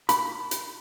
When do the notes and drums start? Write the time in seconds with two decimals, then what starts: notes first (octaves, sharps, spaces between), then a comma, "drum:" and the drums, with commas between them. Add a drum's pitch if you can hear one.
0.09 B5, drum: hi-hat
0.51 drum: hi-hat